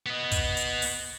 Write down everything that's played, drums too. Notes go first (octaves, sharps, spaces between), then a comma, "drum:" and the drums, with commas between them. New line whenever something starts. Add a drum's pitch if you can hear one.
B3 D#5
drum: kick, hi-hat
drum: hi-hat
drum: open hi-hat